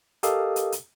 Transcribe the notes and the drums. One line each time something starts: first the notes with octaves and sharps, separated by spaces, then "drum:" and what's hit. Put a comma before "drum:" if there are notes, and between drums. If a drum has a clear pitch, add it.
G4 A4 A#4 D#5 F5 D#6, drum: hi-hat
drum: hi-hat
drum: hi-hat